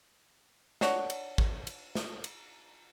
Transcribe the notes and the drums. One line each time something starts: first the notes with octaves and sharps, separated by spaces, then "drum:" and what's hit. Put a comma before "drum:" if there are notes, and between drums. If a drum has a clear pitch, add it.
D4 F#4 C#5 F#5, drum: snare
drum: cymbal
drum: kick G#1
drum: cymbal
drum: snare
drum: cymbal